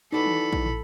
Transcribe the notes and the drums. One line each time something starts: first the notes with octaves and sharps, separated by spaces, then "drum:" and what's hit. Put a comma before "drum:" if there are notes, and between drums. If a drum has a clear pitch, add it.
E3 D#4 F#4 A4 D5 B5
drum: tom
drum: kick A#1
drum: tom